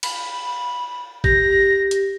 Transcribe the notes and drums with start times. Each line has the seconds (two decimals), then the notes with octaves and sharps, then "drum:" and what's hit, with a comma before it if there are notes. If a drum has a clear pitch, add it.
0.03 B5, drum: cymbal
1.24 G4 A#6, drum: kick
1.91 drum: hi-hat